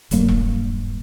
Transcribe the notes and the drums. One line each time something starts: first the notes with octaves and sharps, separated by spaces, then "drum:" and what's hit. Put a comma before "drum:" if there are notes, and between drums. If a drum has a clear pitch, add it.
D#1 G2 F#3 A#3, drum: hi-hat
drum: kick E1